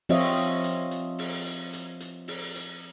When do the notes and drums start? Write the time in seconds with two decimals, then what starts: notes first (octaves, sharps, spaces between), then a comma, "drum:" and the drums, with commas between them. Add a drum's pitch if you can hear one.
0.09 F3 C4 F4 C#5 D#5 E5, drum: open hi-hat
0.37 drum: hi-hat
0.64 drum: hi-hat
0.91 drum: hi-hat
1.19 drum: open hi-hat
1.46 drum: hi-hat
1.73 drum: hi-hat
2.00 drum: hi-hat
2.28 drum: open hi-hat
2.55 drum: hi-hat